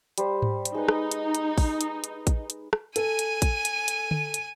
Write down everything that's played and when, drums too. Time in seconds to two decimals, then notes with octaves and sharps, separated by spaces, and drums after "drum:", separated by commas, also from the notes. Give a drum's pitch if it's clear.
0.18 G3 C5, drum: hi-hat
0.42 drum: tom G#2
0.65 drum: hi-hat
0.74 G#3 D#4 B4
0.88 drum: rim click
1.12 drum: hi-hat
1.35 drum: hi-hat
1.58 drum: kick, open hi-hat
1.81 drum: hi-hat
2.04 drum: hi-hat
2.27 drum: kick, hi-hat
2.50 drum: hi-hat
2.73 drum: rim click
2.96 A4 G#5 D#7, drum: hi-hat
3.19 drum: hi-hat
3.42 drum: kick, hi-hat
3.65 drum: hi-hat
3.88 drum: hi-hat
4.11 drum: tom D3
4.34 drum: hi-hat